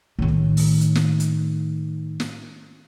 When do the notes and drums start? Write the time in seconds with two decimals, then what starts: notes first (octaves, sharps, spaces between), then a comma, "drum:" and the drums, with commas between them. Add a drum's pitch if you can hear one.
0.19 A2 D#3
0.28 drum: kick
0.57 drum: open hi-hat
0.81 drum: hi-hat
0.95 drum: snare
1.20 drum: hi-hat
2.20 drum: snare